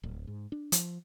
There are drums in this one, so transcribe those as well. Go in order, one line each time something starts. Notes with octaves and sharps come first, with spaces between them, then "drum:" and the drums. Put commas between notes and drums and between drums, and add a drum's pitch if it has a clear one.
D1
G#2
D4
F3, drum: hi-hat